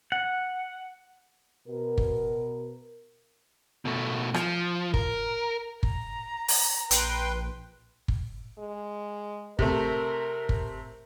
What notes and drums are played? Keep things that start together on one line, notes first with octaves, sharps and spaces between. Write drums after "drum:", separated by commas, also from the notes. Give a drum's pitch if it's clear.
F#5
B2 A#4
drum: kick
B2 A3
F3, drum: rim click
A#4, drum: kick
A#5, drum: kick
drum: open hi-hat
A#1 B4 G5 C6, drum: hi-hat
drum: kick
G#3
C3 A3 A#4, drum: kick
drum: kick